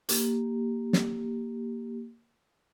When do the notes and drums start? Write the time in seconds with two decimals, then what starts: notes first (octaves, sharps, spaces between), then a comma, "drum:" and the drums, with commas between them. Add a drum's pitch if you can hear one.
0.09 A#3 G4, drum: hi-hat
0.93 drum: snare